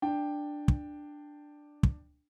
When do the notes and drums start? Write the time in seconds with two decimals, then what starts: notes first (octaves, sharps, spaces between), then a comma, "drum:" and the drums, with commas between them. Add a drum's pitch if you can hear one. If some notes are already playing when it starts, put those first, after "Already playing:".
0.02 D4 G5
0.68 drum: kick
1.83 drum: kick